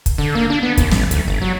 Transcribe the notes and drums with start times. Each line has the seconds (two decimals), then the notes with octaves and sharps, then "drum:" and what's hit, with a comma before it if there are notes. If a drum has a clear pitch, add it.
0.06 drum: kick, hi-hat
0.18 D3
0.35 A#3
0.50 D4
0.63 B3
0.77 D#2, drum: kick, hi-hat
0.91 A1, drum: snare
1.11 D2, drum: hi-hat
1.27 G1
1.42 F#3